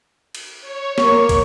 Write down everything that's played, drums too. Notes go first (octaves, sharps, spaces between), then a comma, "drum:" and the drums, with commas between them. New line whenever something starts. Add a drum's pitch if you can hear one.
drum: cymbal
C#5
A#3 A#4 C#6, drum: snare
drum: kick, cymbal